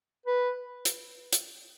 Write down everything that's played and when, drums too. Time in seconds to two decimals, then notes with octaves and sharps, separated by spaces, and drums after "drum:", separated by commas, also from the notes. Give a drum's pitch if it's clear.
0.26 B4
0.85 drum: hi-hat
1.33 drum: hi-hat